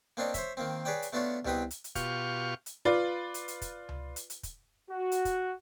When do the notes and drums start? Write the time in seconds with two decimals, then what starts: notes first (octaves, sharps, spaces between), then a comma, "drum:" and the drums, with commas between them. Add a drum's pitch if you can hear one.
0.17 A#3 C4 D4 C#5 D#5
0.34 C5 C#5 E5, drum: kick, hi-hat
0.57 D#3 A#3 C4
0.85 G#4 B4 C#5 D5 G5
1.02 drum: hi-hat
1.13 A3 B3 D4 F4 F#4 C#5
1.45 C2 B2 C4 B4 G5 D#6, drum: tom C#2
1.71 drum: hi-hat
1.84 drum: hi-hat
1.95 B2 F4 G4 F5 C#6, drum: kick, hi-hat
2.66 drum: hi-hat
2.85 F4 B4 D5
3.34 drum: hi-hat
3.48 drum: hi-hat
3.61 drum: kick, hi-hat
3.89 drum: tom C#2
4.16 drum: hi-hat
4.30 drum: hi-hat
4.43 drum: kick, hi-hat
4.90 F#4
5.12 drum: hi-hat
5.25 drum: kick, hi-hat